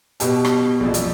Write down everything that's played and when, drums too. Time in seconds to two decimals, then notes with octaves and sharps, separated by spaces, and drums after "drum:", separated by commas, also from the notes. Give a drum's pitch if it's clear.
0.20 B2 G4 A5, drum: hi-hat
0.45 drum: rim click
0.80 A#1 F2
0.94 drum: hi-hat